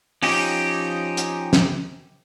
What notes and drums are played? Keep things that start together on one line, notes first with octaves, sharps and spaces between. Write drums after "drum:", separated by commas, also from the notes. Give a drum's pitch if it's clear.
F3 C#4 D#4 G4, drum: open hi-hat
drum: hi-hat
drum: snare